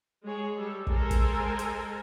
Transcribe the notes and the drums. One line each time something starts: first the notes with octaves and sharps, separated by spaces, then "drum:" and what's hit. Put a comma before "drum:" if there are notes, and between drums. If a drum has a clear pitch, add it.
G#3 G#4 C#5
G3 A4
G#3 A4 A#4 C5 G#5, drum: kick
drum: kick, hi-hat
drum: hi-hat